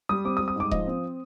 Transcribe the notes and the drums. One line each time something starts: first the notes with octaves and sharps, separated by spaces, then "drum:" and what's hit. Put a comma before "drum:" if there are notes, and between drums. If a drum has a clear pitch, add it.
G3 D#6
C4 D6
D#6
G3
D#6
G#2 D6
F3 D#5, drum: kick D#1
C4